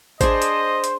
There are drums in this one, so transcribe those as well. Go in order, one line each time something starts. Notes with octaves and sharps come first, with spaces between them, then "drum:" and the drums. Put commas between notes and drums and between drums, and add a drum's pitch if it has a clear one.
D4 G#4 C5 D#5 C6, drum: kick G#1, hi-hat
drum: hi-hat
drum: hi-hat